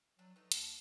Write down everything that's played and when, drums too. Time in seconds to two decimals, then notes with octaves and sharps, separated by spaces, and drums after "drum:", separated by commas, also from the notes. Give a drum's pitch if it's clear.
0.19 F#3 A3 D4
0.36 A3 D#4 B4
0.52 D2 A5, drum: hi-hat